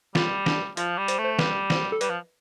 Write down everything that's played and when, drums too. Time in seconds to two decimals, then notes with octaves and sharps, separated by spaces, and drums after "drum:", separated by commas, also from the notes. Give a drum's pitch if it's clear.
0.15 G3 F4, drum: snare
0.46 D4, drum: snare
0.77 F3 F4, drum: hi-hat
0.98 G3
1.08 C5, drum: hi-hat
1.18 A3
1.24 C5
1.39 G3 B4, drum: snare
1.70 C5, drum: snare
1.92 A4
2.01 G3 B4, drum: hi-hat
2.09 F3